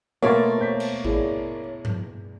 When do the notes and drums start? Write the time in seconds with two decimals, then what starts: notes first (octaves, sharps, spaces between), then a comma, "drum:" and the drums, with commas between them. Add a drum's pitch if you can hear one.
0.22 B2 A3 A#3 F4 C#5 A5
0.58 C5 G6 B6
0.80 drum: cymbal
1.05 E4 G#4 D5, drum: kick A1
1.85 drum: tom G2